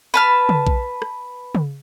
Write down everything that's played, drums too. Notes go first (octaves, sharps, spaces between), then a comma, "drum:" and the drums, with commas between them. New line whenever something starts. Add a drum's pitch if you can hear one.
B4 A5 F6
drum: tom C#3
drum: kick A#1
drum: rim click
drum: tom C#3